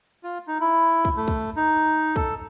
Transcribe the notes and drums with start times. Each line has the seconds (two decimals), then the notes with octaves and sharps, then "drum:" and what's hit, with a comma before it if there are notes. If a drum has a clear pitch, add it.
0.23 F4
0.48 D#4
0.61 E4
1.05 drum: kick
1.17 A3
1.28 drum: kick
1.56 D#4
2.16 A4, drum: kick